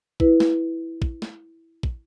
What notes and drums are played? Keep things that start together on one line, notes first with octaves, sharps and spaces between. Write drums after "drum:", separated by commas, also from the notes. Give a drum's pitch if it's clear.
E4 B4, drum: kick
drum: snare
drum: kick
drum: snare
drum: kick